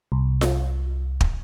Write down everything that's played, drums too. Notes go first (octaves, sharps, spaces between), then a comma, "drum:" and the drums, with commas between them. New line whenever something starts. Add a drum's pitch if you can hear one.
C2
drum: snare F4
drum: kick